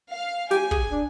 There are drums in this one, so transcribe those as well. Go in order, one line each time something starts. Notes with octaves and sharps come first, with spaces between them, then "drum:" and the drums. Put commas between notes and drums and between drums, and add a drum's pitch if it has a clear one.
F5
G4 G#5, drum: snare
G#4, drum: kick
D4